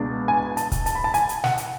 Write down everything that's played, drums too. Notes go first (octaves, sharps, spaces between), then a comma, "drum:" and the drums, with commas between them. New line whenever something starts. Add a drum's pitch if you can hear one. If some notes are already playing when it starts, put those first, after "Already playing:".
Already playing: C#2 B2 G#3 D4
G#5
A5, drum: hi-hat
drum: kick, hi-hat
A5, drum: hi-hat
B5
A5
G#5, drum: hi-hat
drum: hi-hat
F#5, drum: snare
drum: hi-hat